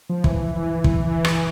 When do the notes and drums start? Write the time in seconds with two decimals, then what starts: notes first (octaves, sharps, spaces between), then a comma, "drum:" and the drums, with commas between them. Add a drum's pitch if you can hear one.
0.09 F3
0.24 E3, drum: kick
0.84 drum: kick
1.25 drum: rim click